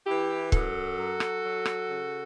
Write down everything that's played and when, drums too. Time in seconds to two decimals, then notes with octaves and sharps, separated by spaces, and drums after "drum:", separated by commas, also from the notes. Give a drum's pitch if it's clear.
0.06 E3 E4 G4
0.52 F#2 F#4 A4, drum: kick C#1
0.97 F#3
1.20 drum: rim click
1.43 F#3
1.65 drum: rim click
1.88 C#3